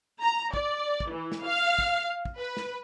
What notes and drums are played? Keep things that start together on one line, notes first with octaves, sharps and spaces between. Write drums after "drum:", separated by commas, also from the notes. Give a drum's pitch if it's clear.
A#5
D5, drum: kick
drum: kick
E3
drum: snare
F5
drum: kick
drum: kick
B4
drum: snare